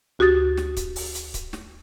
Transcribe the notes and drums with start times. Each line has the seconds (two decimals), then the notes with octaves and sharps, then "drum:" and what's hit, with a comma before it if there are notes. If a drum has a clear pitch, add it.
0.19 D2 F#4 G4 D#6 A6
0.57 drum: snare
0.77 drum: kick C#1, hi-hat
0.96 drum: open hi-hat
1.15 drum: hi-hat
1.34 drum: kick C#1, hi-hat
1.53 drum: snare